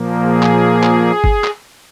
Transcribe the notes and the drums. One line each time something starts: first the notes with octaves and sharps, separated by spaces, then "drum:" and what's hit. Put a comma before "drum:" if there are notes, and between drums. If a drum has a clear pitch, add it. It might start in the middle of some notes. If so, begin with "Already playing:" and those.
Already playing: A#2 F3 A#3
G#4
drum: clap
drum: clap
drum: kick
drum: clap